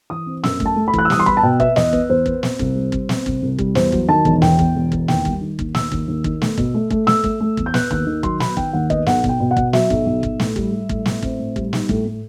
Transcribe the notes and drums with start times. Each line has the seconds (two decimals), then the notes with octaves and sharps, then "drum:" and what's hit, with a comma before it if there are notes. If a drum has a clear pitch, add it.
0.10 E3 D#6
0.26 C4
0.44 F#2 E6, drum: snare
0.60 A3, drum: kick
0.66 A5
0.76 A3
0.88 B5
0.94 E3, drum: kick
0.99 F#6
1.05 E6
1.10 G3 D#6, drum: snare
1.20 C6
1.26 B3 B5, drum: kick
1.37 A5
1.43 B2 G5
1.60 B3 E5, drum: kick
1.76 E2 D#5, drum: snare
1.93 B3, drum: kick
2.09 E2 C5
2.26 B3, drum: kick
2.43 C4, drum: snare
2.59 C2, drum: kick
2.76 G3
2.92 C4, drum: kick
3.09 C4, drum: snare
3.26 C2, drum: kick
3.42 C2
3.59 G3, drum: kick
3.75 E2 C5, drum: snare
3.92 F#3, drum: kick
4.08 D#3 A5
4.25 E1, drum: kick
4.42 E2 G5, drum: snare
4.59 E2, drum: kick
4.76 E1
4.92 E2, drum: kick
5.08 D#2 G5, drum: snare
5.25 G3, drum: kick
5.41 D#3
5.59 D#2, drum: kick
5.74 D#2 E6, drum: snare
5.92 D#2, drum: kick
6.08 D#2
6.24 D#3, drum: kick
6.42 A3, drum: snare
6.58 B2, drum: kick
6.75 A3
6.90 A3, drum: kick
7.07 A3 E6, drum: snare
7.24 A3, drum: kick
7.41 A3
7.57 E2, drum: kick
7.66 G6
7.74 B3 F#6, drum: snare
7.91 D#2 F#6, drum: kick
8.07 D#3
8.23 F#3 C6, drum: kick
8.40 B3 B5, drum: snare
8.57 D#3 G5, drum: kick
8.73 D#2 F#5
8.90 B3 D#5, drum: kick
9.06 B1 F#5, drum: snare
9.24 B2, drum: kick
9.29 G5
9.40 B2
9.51 F#5
9.57 B2, drum: kick
9.73 F#3 E5, drum: snare
9.90 B1, drum: kick
10.07 B1
10.23 B1, drum: kick
10.40 A2, drum: snare
10.56 G3, drum: kick
10.73 G3
10.89 A2, drum: kick
11.06 A2, drum: snare
11.22 C4, drum: kick
11.39 A2
11.56 G3, drum: kick
11.73 D#4, drum: snare
11.89 A2, drum: kick
12.05 A2